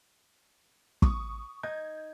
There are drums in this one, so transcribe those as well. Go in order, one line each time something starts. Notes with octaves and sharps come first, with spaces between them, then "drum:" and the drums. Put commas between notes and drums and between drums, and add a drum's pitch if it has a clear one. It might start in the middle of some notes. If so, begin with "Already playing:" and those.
C#6 D#6, drum: kick
D#4 G6 G#6